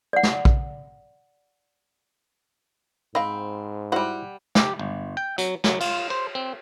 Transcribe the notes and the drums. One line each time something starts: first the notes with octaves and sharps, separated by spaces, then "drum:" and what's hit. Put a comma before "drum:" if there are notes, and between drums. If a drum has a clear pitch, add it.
D5 F#5
drum: snare
drum: kick
G#2 C4 D#5 F5 B5
G3 E4 F#4 C5 F#5
G4, drum: snare
G1
G5
F#3, drum: hi-hat
F#3, drum: snare
F4, drum: cymbal
C5
C4